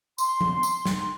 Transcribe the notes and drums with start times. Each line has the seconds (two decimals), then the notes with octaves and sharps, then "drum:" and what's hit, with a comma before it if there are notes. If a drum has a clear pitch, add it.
0.18 C6, drum: tambourine
0.41 drum: tom F3
0.63 drum: tambourine
0.85 drum: snare